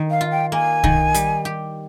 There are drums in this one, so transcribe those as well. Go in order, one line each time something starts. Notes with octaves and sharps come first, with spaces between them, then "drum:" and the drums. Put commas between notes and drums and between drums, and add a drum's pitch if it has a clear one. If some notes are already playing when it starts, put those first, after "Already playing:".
Already playing: D#3
F5
F4
G5
A#3 G#5
D#3, drum: kick
G3, drum: hi-hat
G4